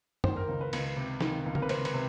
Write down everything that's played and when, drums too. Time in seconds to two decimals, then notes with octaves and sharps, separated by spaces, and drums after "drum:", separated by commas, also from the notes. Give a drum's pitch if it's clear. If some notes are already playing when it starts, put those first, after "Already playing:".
0.24 D#3 C5, drum: tom
0.37 A#4
0.48 C#2
0.61 B4
0.73 C#2, drum: cymbal
0.96 C3
1.21 D#3, drum: snare
1.46 C#2
1.55 A#4, drum: tom
1.62 B4
1.69 C#2 C5, drum: cymbal
1.85 B4, drum: cymbal
1.94 C3